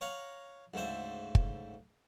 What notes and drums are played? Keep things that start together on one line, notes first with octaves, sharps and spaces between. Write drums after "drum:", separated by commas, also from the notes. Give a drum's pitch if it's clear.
C#5 F5 F#5 A#5
D2 G#2 C#3 C5 E5
drum: kick